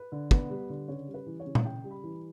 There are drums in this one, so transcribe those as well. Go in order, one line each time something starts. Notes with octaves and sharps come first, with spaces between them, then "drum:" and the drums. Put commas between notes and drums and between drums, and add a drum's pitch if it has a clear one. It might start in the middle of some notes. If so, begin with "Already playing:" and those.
Already playing: B4
D3
B3, drum: kick
G3
D3
C#3 C#5
G3
B4
E3
C#5
C#3
drum: tom A#2
C#3 G5
G3
B5
E3